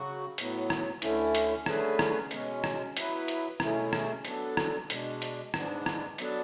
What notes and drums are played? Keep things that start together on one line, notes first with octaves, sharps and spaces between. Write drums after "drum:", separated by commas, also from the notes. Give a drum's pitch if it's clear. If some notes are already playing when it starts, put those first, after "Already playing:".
Already playing: C#3 F#3 F#4
A2 F#3 B3, drum: hi-hat
drum: rim click
D2 D3 A3 C#4 E4, drum: hi-hat
drum: hi-hat
D3 A3 C#4 G#4 B4, drum: rim click
drum: rim click
B2 G#3 C#4, drum: hi-hat
drum: rim click
F#3 B3 E4 B4, drum: hi-hat
drum: hi-hat
B2 A3 C#4 E4 G#4, drum: rim click
drum: rim click
F#3 B3 D4 A4, drum: hi-hat
drum: rim click
B2 G#3 D4, drum: hi-hat
drum: hi-hat
G#2 G#3 B3 D4, drum: rim click
drum: rim click
F#3 B3 D4 A4, drum: hi-hat